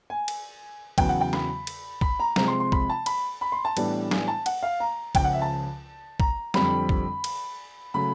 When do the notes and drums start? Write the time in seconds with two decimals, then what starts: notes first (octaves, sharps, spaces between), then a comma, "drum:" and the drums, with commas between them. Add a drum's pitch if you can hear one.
0.10 G#5
0.28 drum: cymbal
0.98 E2 C#3 F#3 B3 G5, drum: kick, cymbal
1.09 F#5
1.21 G5
1.33 B5, drum: snare
1.67 drum: cymbal
2.01 B5, drum: kick
2.20 A#5
2.36 C3 F3 G#3 C4 A#5, drum: snare
2.48 C6
2.60 C6
2.72 B5, drum: kick
2.90 A5
3.06 B5, drum: cymbal
3.41 B5
3.52 C6
3.65 A5
3.77 A2 E3 G3 B3 D4, drum: cymbal
4.11 G#5, drum: snare
4.28 A5
4.46 F#5, drum: cymbal
4.63 F5
4.80 A#5
5.15 C#2 C#3 F3 G5, drum: kick, cymbal
5.24 F#5
5.33 E5
5.42 A5
6.20 A#5, drum: kick
6.54 F2 D3 G3 C4 B5, drum: snare
6.89 drum: kick
7.24 drum: cymbal
7.94 C#3 F#3 A3 B5